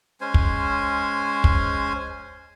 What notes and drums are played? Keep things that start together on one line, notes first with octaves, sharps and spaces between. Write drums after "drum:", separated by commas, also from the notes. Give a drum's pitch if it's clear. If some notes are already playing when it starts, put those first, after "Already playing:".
G#3 C#4 C5 G#5
drum: kick
drum: kick